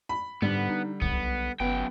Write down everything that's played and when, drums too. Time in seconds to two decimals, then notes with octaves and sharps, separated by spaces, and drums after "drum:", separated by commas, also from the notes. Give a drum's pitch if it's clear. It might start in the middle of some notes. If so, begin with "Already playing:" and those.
0.09 B5
0.42 G#2 D3 G3 B3
0.70 D#4
1.02 B1 B3, drum: kick C#2
1.60 G1 F#2 B3 G5